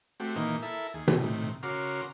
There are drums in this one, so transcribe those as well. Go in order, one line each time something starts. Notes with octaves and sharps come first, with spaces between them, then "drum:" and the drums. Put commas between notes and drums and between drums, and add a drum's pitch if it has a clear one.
A3 C4 F#4 G4
A#2 D#3 E3 A#3 D#4
E4 A4 A#4 E5
D#2 G#4
drum: tom B2
A2 C3 D#3
C#3 F#4 A#4 C6 D6 F6